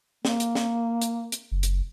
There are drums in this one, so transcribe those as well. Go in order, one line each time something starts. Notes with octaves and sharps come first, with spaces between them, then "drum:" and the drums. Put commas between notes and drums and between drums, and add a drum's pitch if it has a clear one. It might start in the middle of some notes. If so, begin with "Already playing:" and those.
A#3, drum: snare
drum: hi-hat
drum: snare
drum: hi-hat
drum: hi-hat
F#1
drum: hi-hat